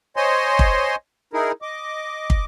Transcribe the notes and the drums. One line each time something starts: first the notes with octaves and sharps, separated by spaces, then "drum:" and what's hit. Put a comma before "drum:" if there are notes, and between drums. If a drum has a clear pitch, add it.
C5 C#5 D#5 G#5 C6
drum: kick
D#4 E4 G#4 A#4
D#5 D6
drum: kick